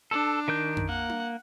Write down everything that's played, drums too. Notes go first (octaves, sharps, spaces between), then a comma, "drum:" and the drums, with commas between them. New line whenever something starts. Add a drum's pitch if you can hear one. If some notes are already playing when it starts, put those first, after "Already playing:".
D4 A4
D#3 A#4 G6
drum: tom F2
A#3 F#5
drum: tom D4